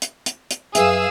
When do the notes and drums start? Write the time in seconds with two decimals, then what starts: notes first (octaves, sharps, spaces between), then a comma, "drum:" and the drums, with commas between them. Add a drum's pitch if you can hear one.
0.02 drum: hi-hat
0.26 drum: hi-hat
0.51 drum: hi-hat
0.75 F#2 G#4 B4 E5 F5 E6, drum: hi-hat